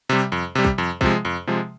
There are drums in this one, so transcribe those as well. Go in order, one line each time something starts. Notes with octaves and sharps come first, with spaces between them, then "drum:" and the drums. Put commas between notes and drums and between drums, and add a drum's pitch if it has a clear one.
C3 G3
F2
C3 G3
drum: kick
F2
C3 F3 G#3, drum: kick
F2
C3 F3 G#3